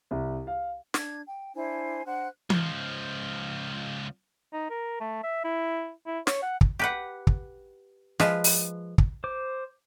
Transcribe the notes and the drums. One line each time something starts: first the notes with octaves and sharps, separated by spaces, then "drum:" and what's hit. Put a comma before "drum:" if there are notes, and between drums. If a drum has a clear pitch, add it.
C2
F5
D4 G#6, drum: snare
G5
D4 E4 C5 G#5
D4 C5 F#5 F#6
C#2 F3, drum: tom E3
D#4
A#4
A3
E5
E4
E4
C#5, drum: snare
F#5
drum: kick
G4 B4 F#5
drum: kick
F3 G#3 B4, drum: snare
drum: open hi-hat
drum: kick
C5 D6